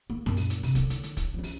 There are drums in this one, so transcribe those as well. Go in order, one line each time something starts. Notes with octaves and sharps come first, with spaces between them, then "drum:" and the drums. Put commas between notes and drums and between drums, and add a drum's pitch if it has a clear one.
A#3
F#2 A#2, drum: snare
drum: open hi-hat
drum: hi-hat
C3, drum: open hi-hat
D3 A#3, drum: kick, hi-hat
drum: hi-hat
drum: hi-hat
drum: kick, hi-hat
F3 C#4
drum: open hi-hat